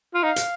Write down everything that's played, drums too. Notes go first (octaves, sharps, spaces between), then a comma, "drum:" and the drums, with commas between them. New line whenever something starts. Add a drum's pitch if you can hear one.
F4
D#4 F5
drum: hi-hat